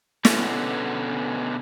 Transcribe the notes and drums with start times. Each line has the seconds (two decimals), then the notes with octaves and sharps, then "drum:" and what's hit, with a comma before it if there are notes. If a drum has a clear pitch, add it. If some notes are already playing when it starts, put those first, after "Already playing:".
0.25 B2 D3 B3 C#4, drum: snare